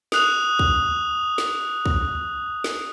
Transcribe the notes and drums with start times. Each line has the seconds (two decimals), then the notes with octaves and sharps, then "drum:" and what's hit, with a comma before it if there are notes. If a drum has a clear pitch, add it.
0.12 D#6 F#6 F7, drum: snare
0.59 drum: kick
1.38 drum: snare
1.86 drum: kick
2.64 drum: snare